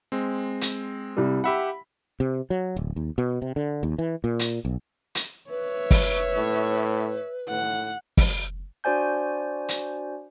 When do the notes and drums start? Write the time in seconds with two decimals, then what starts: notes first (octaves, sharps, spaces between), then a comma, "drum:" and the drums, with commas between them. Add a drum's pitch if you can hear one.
0.12 G#3 C4
0.61 drum: hi-hat
1.17 C2 G3
1.44 G4 E5 F#5 B5
2.20 C3
2.50 F#3
2.76 D1
2.96 D#2
3.18 B2
3.42 C3
3.56 D3
3.83 D#2
3.98 E3
4.24 A#2
4.39 drum: hi-hat
4.65 B1
5.15 drum: hi-hat
5.50 B4 C#5 E5
5.91 drum: kick, open hi-hat
6.37 A2
7.49 A2 F#5
8.17 drum: kick, open hi-hat
8.84 D4 F#4 C5 D5 G#5 G6
9.69 drum: hi-hat